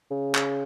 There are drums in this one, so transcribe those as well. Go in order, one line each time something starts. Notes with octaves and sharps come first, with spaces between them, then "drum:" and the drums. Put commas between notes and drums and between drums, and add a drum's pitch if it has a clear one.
C#3
drum: clap